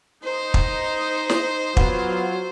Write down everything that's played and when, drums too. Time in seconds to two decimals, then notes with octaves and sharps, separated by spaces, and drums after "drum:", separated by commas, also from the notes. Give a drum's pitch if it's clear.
0.24 D#4 C5
0.54 drum: kick
1.30 drum: snare
1.77 F#3 B3 F4, drum: kick